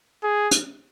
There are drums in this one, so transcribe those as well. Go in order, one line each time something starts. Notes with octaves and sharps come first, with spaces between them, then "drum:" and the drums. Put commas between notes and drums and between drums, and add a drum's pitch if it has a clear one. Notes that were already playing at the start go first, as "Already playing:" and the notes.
G#4
drum: hi-hat